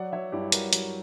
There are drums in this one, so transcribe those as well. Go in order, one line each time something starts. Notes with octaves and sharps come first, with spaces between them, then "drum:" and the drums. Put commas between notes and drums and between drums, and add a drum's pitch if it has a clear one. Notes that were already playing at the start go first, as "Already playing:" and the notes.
Already playing: F#3 D5 F#5
F#3 C#5 E5
G2 E4 G4
G2 F#4 A#4, drum: hi-hat
F#3, drum: hi-hat